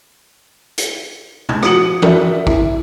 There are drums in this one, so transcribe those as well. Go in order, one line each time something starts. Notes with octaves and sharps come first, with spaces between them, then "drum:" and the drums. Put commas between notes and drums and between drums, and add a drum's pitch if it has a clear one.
drum: hi-hat
drum: tom
F3 F#4 D#6 C#7 F#7, drum: rim click
F#4 A#4 D5 E5, drum: tom E3
E4, drum: kick